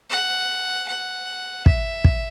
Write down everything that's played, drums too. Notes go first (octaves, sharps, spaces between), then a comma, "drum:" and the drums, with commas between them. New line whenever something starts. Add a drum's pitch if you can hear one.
F#5
F#5
E5, drum: kick
drum: kick